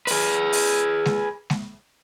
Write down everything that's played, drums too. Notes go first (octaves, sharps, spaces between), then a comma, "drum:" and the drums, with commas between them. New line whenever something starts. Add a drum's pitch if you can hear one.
G#4 B4, drum: open hi-hat
drum: open hi-hat
drum: snare G#3
drum: snare G#3